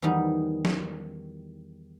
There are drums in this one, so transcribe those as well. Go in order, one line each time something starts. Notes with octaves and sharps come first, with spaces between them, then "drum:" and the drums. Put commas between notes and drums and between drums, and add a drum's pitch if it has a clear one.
E2 D#3 F3 G3 D#4
drum: snare